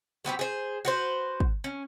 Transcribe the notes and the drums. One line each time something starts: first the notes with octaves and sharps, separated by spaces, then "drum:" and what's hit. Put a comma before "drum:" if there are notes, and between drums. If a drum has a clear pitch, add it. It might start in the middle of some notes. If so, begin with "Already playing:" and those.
F#3 B3 C4 G4
G#4 C5
F#4 B4 C5
drum: kick
C#4